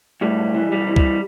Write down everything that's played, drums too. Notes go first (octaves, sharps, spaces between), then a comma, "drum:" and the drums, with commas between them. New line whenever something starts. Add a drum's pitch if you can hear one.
A2 G3
B1
E3
B1 G3
E3
G3, drum: kick C#2